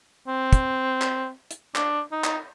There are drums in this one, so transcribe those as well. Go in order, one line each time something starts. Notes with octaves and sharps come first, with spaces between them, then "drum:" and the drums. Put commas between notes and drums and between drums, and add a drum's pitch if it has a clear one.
C4
drum: kick, hi-hat
drum: clap
drum: hi-hat
D4, drum: clap
D#4
drum: clap